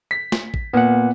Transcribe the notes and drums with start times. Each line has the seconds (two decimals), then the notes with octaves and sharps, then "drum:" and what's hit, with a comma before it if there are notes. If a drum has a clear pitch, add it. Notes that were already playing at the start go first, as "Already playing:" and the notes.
0.11 B6
0.32 drum: snare
0.54 drum: kick A1
0.73 A#2 B3 F#5